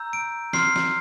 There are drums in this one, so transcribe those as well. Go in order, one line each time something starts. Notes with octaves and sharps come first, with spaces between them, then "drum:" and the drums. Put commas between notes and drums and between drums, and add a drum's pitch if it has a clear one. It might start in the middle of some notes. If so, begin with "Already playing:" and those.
Already playing: A#5 E6 G6
D7
C6 F6 C7, drum: snare
drum: snare